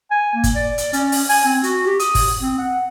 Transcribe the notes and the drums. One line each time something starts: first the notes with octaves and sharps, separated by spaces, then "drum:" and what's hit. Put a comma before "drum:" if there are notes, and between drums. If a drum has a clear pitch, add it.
G#5
A#3
drum: kick G1, hi-hat
D5
drum: hi-hat
C#4, drum: hi-hat
drum: open hi-hat
G#5, drum: open hi-hat
C4
F#4, drum: hi-hat
G4
D#6, drum: hi-hat
drum: kick G1, open hi-hat
C4
F#5